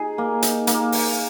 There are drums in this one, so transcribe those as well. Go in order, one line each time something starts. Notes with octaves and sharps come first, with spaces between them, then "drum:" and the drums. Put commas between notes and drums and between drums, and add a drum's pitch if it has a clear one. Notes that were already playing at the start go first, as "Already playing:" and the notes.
Already playing: D#4 G#4
A#3
D#4, drum: hi-hat
A#3, drum: hi-hat
drum: open hi-hat